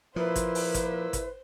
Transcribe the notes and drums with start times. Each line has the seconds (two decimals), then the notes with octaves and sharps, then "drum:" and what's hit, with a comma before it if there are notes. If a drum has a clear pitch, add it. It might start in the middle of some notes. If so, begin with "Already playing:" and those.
0.16 A#2 F3 A#3 E4 B4 C5
0.36 drum: kick G#1, hi-hat
0.55 drum: open hi-hat
0.74 drum: kick G#1, hi-hat
1.13 drum: kick G#1, hi-hat